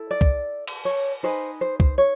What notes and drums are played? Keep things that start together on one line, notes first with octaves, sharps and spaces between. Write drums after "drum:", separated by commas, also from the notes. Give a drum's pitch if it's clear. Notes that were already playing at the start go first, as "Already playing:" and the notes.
Already playing: E4 A4
D5
drum: kick
drum: cymbal
C#5
D#4 G#4 B4 C5
C5
C5, drum: kick
C#5